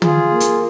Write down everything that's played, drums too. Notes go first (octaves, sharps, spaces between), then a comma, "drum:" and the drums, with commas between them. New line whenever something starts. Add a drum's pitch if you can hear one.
F4 G#4, drum: tom
A#3
drum: hi-hat